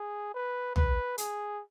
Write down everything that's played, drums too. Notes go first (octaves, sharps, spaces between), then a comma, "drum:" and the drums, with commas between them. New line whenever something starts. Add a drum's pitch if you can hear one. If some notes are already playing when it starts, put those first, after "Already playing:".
Already playing: G#4
B4
B4, drum: tom
G#4, drum: hi-hat